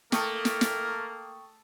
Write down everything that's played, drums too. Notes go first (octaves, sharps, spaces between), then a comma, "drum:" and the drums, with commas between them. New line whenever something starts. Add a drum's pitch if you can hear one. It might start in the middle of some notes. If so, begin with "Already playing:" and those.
A3 A#3 A#4 G5 C#6 D#6, drum: snare
drum: snare
drum: snare